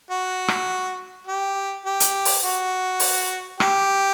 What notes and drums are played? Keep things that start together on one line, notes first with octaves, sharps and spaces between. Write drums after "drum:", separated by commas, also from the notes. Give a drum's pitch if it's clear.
F#4
drum: rim click
G4
G4
drum: hi-hat
drum: open hi-hat
F#4
drum: open hi-hat
G4, drum: rim click